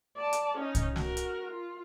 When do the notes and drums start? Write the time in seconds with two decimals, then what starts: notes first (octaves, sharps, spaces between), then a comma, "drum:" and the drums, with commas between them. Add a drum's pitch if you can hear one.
0.17 D5 A5
0.33 drum: hi-hat
0.57 C#4 D#4
0.75 drum: kick C2, hi-hat
0.96 F#4 A#4, drum: snare
1.17 drum: hi-hat
1.51 F4